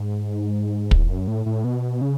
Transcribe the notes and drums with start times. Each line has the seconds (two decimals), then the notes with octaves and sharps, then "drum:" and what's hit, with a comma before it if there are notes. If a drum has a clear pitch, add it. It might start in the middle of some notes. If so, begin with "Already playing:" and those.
Already playing: G#2
0.91 E2, drum: kick
1.05 E2
1.10 F#2
1.28 A2
1.46 A2
1.64 B2
2.01 C#3